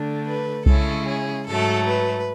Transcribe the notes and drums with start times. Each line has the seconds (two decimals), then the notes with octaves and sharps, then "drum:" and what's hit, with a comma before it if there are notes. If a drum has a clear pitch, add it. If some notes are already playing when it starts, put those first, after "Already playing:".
Already playing: D3 A3 D4
0.27 B4
0.66 C#3 G#3 C#4 E4 A4, drum: kick C2
1.07 G#4
1.47 G#2 F#3 A3 A4
1.86 B4